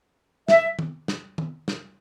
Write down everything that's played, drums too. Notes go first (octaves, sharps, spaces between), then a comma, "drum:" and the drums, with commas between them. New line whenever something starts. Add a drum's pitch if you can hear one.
E5, drum: snare
drum: tom D#3
drum: snare
drum: tom D#3
drum: snare